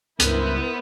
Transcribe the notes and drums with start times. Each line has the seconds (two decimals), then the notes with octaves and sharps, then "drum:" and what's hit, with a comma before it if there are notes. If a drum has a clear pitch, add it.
0.20 C#2 G2 B3 E4 A#4 C5, drum: hi-hat